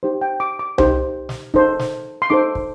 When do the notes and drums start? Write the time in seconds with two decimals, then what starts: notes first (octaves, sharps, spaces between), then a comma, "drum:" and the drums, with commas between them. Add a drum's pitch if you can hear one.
0.03 D#4 G4 C5
0.22 G5
0.40 D6
0.59 D6
0.78 D#4 G4 C5, drum: tom C2
1.29 drum: snare
1.54 D#4 A4 C5, drum: kick
1.79 drum: snare
2.22 C6
2.30 D#4 A4 C5 D6
2.55 drum: kick